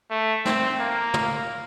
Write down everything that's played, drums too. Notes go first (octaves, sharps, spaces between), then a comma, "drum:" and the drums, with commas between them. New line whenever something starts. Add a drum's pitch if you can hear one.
A3
C4, drum: snare
A#3
drum: tom